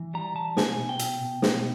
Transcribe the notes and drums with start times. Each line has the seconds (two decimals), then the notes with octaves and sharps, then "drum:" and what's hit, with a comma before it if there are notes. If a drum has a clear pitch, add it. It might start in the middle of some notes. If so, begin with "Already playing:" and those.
Already playing: E3
0.14 G3 A#5
0.35 E3 A5
0.57 B2 G#5, drum: snare
0.78 B2
0.89 G5
0.99 B2, drum: hi-hat
1.21 B2
1.42 B2, drum: snare